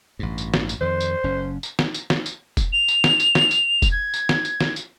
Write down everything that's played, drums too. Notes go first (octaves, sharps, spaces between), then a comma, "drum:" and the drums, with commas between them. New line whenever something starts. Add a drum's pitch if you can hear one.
A1 G2
drum: tambourine
drum: snare
drum: tambourine
F2 D#3 C5
drum: tambourine
F#1 F#2 C#4
drum: tambourine
drum: snare
drum: tambourine
drum: snare
drum: tambourine
drum: kick, tambourine
F7
drum: tambourine
drum: snare
drum: tambourine
drum: snare
drum: tambourine
drum: kick, tambourine
G#6
drum: tambourine
drum: snare
drum: tambourine
drum: snare
drum: tambourine